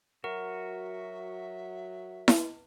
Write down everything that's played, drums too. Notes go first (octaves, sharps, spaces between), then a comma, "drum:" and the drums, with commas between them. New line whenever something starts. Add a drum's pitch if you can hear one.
F#3 F#4 A#4 E5
drum: snare E4